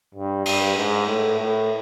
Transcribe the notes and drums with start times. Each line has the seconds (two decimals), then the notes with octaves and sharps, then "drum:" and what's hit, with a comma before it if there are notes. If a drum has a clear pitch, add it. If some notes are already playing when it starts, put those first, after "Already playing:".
0.15 G2
0.45 G2, drum: cymbal
0.76 G#2
1.07 A2
1.38 A2